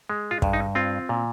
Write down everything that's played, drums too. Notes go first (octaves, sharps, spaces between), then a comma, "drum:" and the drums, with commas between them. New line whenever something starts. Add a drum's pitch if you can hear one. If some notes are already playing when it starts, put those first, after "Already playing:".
G#3
F4
G2, drum: kick
D#4
C4 F4
A#2